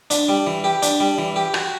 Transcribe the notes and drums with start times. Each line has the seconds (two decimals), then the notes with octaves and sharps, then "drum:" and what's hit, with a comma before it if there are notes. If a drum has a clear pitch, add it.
0.10 D4, drum: hi-hat
0.29 G3
0.47 E3
0.64 G4
0.82 D4, drum: hi-hat
1.00 G3
1.18 E3
1.36 G4
1.54 F#4, drum: rim click